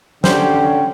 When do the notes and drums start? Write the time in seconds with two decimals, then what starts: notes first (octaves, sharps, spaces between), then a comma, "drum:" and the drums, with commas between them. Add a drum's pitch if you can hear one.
0.24 D3 C#4 G4 C5 G5, drum: snare